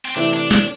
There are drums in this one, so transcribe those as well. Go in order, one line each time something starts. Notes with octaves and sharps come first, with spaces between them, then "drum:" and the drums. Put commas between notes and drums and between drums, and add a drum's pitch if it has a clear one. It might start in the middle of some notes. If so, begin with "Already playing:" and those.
C4
C3 E3 A3 C4 D4
D4
D4, drum: snare